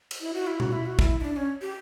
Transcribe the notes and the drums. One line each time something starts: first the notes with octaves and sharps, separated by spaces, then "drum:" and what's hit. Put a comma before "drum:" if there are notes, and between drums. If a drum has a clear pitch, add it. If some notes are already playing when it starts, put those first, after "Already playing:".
drum: cymbal
E4
F#4
E4
F#4, drum: tom B2
E4
F#4
E4, drum: kick
E4
D4
C#4
G4